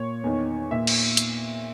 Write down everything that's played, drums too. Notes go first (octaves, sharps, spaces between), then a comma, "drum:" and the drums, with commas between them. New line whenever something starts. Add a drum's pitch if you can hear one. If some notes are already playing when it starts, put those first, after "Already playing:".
Already playing: A#2 C#5
E2 D#3
A#2 E5
drum: cymbal
drum: hi-hat